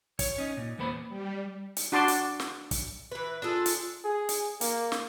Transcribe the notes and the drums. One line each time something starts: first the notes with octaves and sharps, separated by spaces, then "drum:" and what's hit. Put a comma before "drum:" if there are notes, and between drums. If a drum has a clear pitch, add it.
C#5, drum: kick, hi-hat
C#4 D#4
A#2
E2 A#3 B3 C5 B5
G3
drum: hi-hat
D4 F#4 A5 C6 D6
drum: hi-hat
drum: snare
drum: kick, hi-hat
E3 B4
D4 F4 G#4 A4
drum: hi-hat
G#4
drum: hi-hat
A#3, drum: hi-hat
drum: snare